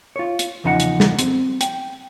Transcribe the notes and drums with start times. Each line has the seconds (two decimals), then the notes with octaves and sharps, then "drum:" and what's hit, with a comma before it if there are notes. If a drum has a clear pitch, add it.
0.16 F4 C#5
0.39 drum: hi-hat
0.64 E2 C#3 F3 D#4 G#4 F#5
0.80 drum: hi-hat
1.00 drum: snare
1.19 C4, drum: hi-hat
1.61 G5, drum: hi-hat